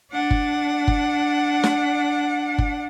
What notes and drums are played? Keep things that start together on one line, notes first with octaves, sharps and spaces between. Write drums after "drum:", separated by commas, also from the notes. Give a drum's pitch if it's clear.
D4 F#5
drum: kick G1
drum: kick G1
drum: snare
drum: kick G1